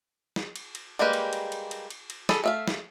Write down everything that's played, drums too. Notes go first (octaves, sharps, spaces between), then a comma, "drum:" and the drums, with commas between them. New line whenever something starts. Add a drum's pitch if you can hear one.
drum: snare
drum: cymbal
drum: cymbal
G3 G#3 A#3 G4 B4
drum: cymbal
drum: cymbal
drum: cymbal
drum: cymbal
drum: cymbal
drum: cymbal
G#4 A4 B5, drum: snare
A3 E5 F5
drum: snare